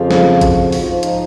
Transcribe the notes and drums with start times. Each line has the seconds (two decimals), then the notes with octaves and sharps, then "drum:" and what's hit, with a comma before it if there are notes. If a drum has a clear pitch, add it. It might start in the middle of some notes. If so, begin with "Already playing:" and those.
Already playing: F2 C#3 F3 F4
0.11 drum: snare
0.41 F#4, drum: kick A1, hi-hat
0.65 F#4
0.72 G#2 F3 F4, drum: open hi-hat
1.03 D#4, drum: hi-hat